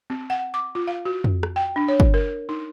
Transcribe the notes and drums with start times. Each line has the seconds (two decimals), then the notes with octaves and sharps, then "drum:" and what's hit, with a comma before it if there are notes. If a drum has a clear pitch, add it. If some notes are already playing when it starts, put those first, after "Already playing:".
0.10 C4
0.30 F#5
0.54 D6
0.75 F4
0.87 F5
1.05 F#4
1.24 drum: tom F2
1.43 drum: rim click
1.56 G5
1.76 D4
1.88 C#5
2.00 drum: kick
2.14 A#4
2.49 D#4